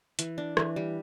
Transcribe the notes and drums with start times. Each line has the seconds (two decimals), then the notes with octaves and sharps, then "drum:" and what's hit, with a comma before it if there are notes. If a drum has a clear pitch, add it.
0.19 E3, drum: hi-hat
0.38 D4
0.57 E3, drum: rim click
0.76 G3